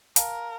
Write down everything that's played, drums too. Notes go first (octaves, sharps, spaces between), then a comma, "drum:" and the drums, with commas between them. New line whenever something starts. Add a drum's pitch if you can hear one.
A#4 F5 A5, drum: hi-hat